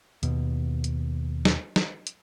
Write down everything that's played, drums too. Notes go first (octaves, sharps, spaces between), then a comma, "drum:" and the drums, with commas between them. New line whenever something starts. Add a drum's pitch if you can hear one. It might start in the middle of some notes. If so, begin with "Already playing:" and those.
D#2 B2, drum: hi-hat
drum: hi-hat
drum: snare
drum: snare
drum: hi-hat